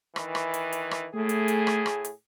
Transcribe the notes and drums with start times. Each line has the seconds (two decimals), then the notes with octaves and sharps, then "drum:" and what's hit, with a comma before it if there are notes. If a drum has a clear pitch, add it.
0.16 D#3 E3, drum: rim click
0.35 drum: rim click
0.54 drum: hi-hat
0.73 drum: hi-hat
0.91 drum: rim click
1.14 A2 A3 G#4
1.29 drum: hi-hat
1.48 drum: hi-hat
1.67 drum: rim click
1.86 drum: rim click
2.05 drum: hi-hat